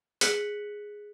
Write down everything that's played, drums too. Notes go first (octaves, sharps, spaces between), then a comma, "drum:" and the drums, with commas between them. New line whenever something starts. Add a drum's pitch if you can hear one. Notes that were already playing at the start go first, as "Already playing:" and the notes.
G#4 F#6 B6 C#7 F#7, drum: open hi-hat